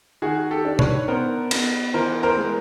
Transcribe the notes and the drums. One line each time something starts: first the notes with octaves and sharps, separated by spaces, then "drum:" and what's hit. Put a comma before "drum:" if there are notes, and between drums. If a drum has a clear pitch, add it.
D#3 F#4 G#4
G4 A4
D4
B4 C#5, drum: tom
B3 A#4 C5
B3, drum: cymbal
E3 A#4 C5
A#4 C5
G#3